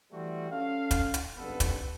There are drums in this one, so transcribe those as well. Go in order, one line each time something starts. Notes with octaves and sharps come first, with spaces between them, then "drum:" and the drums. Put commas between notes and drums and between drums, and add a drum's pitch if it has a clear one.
E3 G3 A3 C4 F#4
C#4 A4 F5
drum: kick, hi-hat
drum: hi-hat
G#1 G2 B3 A4 B4
drum: kick, hi-hat